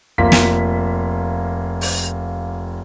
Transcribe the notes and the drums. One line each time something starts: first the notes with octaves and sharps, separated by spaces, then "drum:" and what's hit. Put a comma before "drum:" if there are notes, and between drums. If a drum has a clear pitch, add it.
F1 A#3 F4 B6
drum: snare
drum: open hi-hat